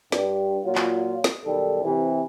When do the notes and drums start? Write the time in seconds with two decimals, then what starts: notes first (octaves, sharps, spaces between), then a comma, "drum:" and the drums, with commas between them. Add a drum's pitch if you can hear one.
0.12 G2, drum: snare
0.64 A#2 F#3 F4
0.75 drum: clap
1.24 drum: snare
1.45 B1 D#3 G3 A4
1.83 C3 E3